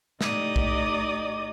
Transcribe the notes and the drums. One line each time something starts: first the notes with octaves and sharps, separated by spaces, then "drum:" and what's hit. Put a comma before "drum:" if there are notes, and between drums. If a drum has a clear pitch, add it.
A2 D#4 G4 D5 D#5 D#6, drum: snare
drum: kick B1